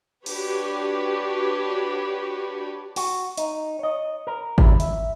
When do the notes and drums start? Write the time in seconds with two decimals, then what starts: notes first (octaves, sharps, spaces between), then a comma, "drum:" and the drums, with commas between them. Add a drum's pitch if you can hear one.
0.26 D4 F#4 G4 B4 C#5, drum: open hi-hat
2.96 F#4, drum: open hi-hat
3.38 D#4, drum: hi-hat
3.79 C#5 D#5
4.27 A#4
4.58 F#2 F#3 E4, drum: kick G#1
4.80 E5, drum: hi-hat